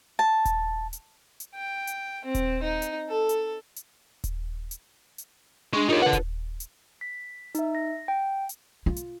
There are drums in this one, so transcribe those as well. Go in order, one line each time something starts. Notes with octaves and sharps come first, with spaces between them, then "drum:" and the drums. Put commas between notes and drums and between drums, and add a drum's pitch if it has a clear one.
A5
drum: kick D#1, hi-hat
drum: hi-hat
drum: hi-hat
G5
drum: hi-hat
C4
drum: kick D#1, hi-hat
D#4
drum: hi-hat
A4
drum: hi-hat
drum: hi-hat
drum: kick D#1, hi-hat
drum: hi-hat
drum: hi-hat
G#3 D4 G#4 C#6
D#4 F4 G4 A#4 C#5
A4 B4 F#5
drum: kick D#1, hi-hat
drum: hi-hat
B6
D#4 E5, drum: hi-hat
A#6
G5
drum: hi-hat
F4
drum: hi-hat